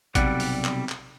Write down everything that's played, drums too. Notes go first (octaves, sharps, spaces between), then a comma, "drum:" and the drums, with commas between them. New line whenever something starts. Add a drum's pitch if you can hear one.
B1 C3 G3 D5 F#5, drum: kick, hi-hat
drum: open hi-hat
drum: clap
drum: clap